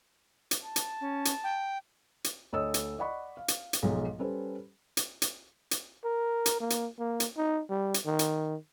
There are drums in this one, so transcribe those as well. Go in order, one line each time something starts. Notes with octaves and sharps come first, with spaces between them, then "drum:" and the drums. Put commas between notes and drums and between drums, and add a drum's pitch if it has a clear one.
drum: hi-hat
A5
drum: hi-hat
C#4
drum: hi-hat
G5
drum: hi-hat
D2 A4 C#5 D#5 D#6 E6
drum: hi-hat
D5 D#5 F#5 B5 C#6
F5
drum: hi-hat
drum: hi-hat
B1 G#2 F3 G#3
G3 C#4 A4 B4 C5
drum: hi-hat
drum: hi-hat
drum: hi-hat
A#4
drum: hi-hat
A#3
drum: hi-hat
A#3
drum: hi-hat
D#4
G3
drum: hi-hat
D#3
drum: hi-hat